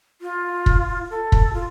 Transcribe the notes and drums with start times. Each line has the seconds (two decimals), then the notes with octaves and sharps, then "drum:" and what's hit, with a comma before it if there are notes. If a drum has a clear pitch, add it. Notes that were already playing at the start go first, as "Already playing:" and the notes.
0.22 F4
0.66 drum: kick
1.10 A4
1.32 drum: kick
1.54 F4